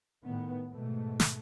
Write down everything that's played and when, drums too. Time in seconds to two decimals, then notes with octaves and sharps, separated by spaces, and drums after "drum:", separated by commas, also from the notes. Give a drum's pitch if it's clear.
0.23 A2 D#3 B3
0.71 G#2 B2 A3
1.20 drum: snare